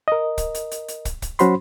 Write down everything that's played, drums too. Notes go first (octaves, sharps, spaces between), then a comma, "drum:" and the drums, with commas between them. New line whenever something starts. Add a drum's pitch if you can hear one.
A#4 D#5
drum: kick, hi-hat
drum: hi-hat
drum: hi-hat
drum: hi-hat
drum: kick, hi-hat
drum: kick, hi-hat
F#3 C#4 F#4 C5 B5 C6, drum: hi-hat